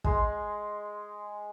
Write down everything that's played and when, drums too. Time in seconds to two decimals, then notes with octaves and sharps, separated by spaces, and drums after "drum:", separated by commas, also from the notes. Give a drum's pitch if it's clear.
0.04 G#3 C6, drum: kick